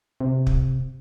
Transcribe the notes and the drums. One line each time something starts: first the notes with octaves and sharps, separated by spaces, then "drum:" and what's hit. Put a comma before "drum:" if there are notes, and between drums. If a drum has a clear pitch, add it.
C3
drum: kick